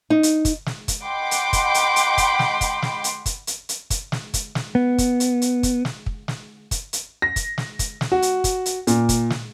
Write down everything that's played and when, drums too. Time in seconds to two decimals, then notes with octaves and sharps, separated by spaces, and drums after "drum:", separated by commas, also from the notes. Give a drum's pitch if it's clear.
0.10 D#4
0.23 drum: hi-hat
0.45 drum: kick, hi-hat
0.66 drum: snare
0.88 drum: kick, hi-hat
1.05 D#5 F#5 G5 B5 C6 D6
1.31 drum: hi-hat
1.53 drum: kick, hi-hat
1.74 drum: hi-hat
1.96 drum: hi-hat
2.18 drum: kick, hi-hat
2.39 drum: snare
2.61 drum: kick, hi-hat
2.82 drum: snare
3.04 drum: hi-hat
3.26 drum: kick, hi-hat
3.47 drum: hi-hat
3.69 drum: hi-hat
3.90 drum: kick, hi-hat
4.12 drum: snare
4.34 drum: kick, hi-hat
4.55 drum: snare
4.75 B3
4.98 drum: kick, hi-hat
5.20 drum: hi-hat
5.42 drum: hi-hat
5.63 drum: kick, hi-hat
5.85 drum: snare
6.06 drum: kick
6.28 drum: snare
6.71 drum: kick, hi-hat
6.93 drum: hi-hat
7.22 A#6
7.36 drum: kick, hi-hat
7.58 drum: snare
7.79 drum: kick, hi-hat
8.01 drum: snare
8.12 F#4
8.22 drum: hi-hat
8.44 drum: kick, hi-hat
8.66 drum: hi-hat
8.87 A#2, drum: hi-hat
9.09 drum: kick, hi-hat
9.30 drum: snare